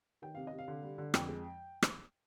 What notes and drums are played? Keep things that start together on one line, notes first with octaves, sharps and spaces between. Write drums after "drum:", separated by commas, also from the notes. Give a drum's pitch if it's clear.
D#3 G5
C3 F5
D#5
C3
F5
D3
G3
D3
F2 G5, drum: rim click
G#3
drum: rim click